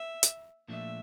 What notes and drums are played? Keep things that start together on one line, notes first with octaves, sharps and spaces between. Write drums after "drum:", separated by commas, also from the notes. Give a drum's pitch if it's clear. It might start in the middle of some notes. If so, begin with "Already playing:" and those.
Already playing: E5
drum: hi-hat
A#2 F3 A3 D4 E5